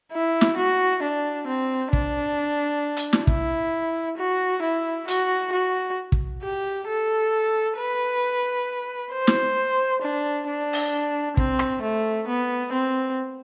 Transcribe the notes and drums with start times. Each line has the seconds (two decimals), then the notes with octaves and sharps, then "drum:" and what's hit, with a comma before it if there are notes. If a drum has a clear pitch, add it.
0.13 E4
0.41 drum: snare
0.57 F#4
1.03 D4
1.47 C4
1.93 D4, drum: kick
2.97 drum: hi-hat
3.13 drum: snare
3.27 E4, drum: kick
4.18 F#4
4.62 E4
5.08 F#4, drum: hi-hat
5.52 F#4
6.12 drum: kick
6.43 G4
6.87 A4
7.78 B4
9.12 C5
9.27 drum: snare
10.02 D4
10.47 D4
10.73 drum: open hi-hat
11.37 C4, drum: kick
11.59 drum: rim click
11.82 A3
12.27 B3
12.73 C4